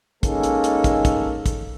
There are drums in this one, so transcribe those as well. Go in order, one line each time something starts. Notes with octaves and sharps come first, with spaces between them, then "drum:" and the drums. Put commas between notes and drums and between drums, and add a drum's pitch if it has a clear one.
G#3 A#3 C#4 D#4 A4, drum: kick, hi-hat
drum: hi-hat
drum: hi-hat
drum: kick, hi-hat
drum: kick, hi-hat
drum: kick, hi-hat